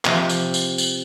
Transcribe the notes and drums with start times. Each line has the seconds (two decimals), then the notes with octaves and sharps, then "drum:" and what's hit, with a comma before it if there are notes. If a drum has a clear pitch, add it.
0.05 C3 F3, drum: clap
0.29 drum: tambourine
0.54 drum: tambourine
0.78 drum: tambourine